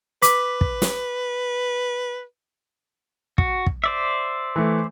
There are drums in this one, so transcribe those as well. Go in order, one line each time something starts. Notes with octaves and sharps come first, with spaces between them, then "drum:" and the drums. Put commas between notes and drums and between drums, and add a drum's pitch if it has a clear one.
B4 D6 B6, drum: hi-hat
drum: kick
drum: snare
F#4, drum: kick
drum: kick
C5 D5 E5
E3 A3